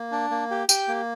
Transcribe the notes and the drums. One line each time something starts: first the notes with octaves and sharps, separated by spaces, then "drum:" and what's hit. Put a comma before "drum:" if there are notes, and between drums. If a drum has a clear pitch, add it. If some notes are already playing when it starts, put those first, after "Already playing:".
Already playing: A#3
D4
A#3
G4
G4 G5, drum: tambourine
A#3